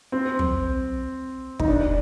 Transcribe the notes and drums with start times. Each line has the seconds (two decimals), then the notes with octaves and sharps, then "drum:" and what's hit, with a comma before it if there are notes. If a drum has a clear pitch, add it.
0.12 C4
0.39 drum: tom
1.60 D#4, drum: kick
1.68 D4